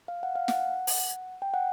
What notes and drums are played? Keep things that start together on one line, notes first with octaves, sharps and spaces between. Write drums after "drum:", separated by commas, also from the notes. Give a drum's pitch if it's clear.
F5
F#5
F5
F#5, drum: snare
drum: open hi-hat
G5
F#5